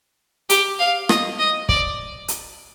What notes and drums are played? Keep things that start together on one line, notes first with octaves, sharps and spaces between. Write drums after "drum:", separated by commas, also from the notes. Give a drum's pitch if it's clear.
G4, drum: hi-hat
F5
D#5, drum: rim click
D#5
D5, drum: kick
drum: hi-hat